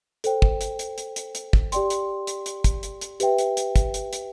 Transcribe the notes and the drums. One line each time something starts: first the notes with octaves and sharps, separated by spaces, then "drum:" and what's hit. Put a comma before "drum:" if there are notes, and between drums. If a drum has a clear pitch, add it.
A4 C5 G5, drum: hi-hat
drum: kick
drum: hi-hat
drum: hi-hat
drum: hi-hat
drum: hi-hat
drum: hi-hat
drum: kick
G4 D5 G5 C6, drum: hi-hat
drum: hi-hat
drum: hi-hat
drum: hi-hat
drum: kick, hi-hat
drum: hi-hat
drum: hi-hat
G4 B4 E5 G5, drum: hi-hat
drum: hi-hat
drum: hi-hat
drum: kick, hi-hat
drum: hi-hat
drum: hi-hat